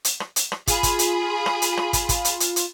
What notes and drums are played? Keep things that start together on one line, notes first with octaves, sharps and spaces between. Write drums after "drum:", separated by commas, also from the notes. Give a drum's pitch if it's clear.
drum: hi-hat
drum: rim click
drum: hi-hat
drum: rim click
F4 G#4 B5, drum: kick, hi-hat
drum: kick, hi-hat
drum: hi-hat
drum: rim click
drum: hi-hat
drum: rim click
drum: kick, hi-hat
drum: kick, hi-hat
drum: hi-hat
drum: hi-hat
drum: hi-hat